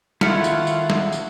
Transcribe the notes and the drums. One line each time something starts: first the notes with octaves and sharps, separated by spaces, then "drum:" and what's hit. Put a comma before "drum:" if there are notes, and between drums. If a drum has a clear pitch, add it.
D#3 A3 E4 F4 C#5 F#5 F6 C#7, drum: snare
drum: tambourine
drum: tambourine
drum: snare
drum: tambourine